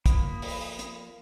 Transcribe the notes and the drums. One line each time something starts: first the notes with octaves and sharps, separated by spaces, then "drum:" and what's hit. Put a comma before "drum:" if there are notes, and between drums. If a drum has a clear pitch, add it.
F3 A#3 B5 D#6, drum: kick, hi-hat
drum: open hi-hat
drum: hi-hat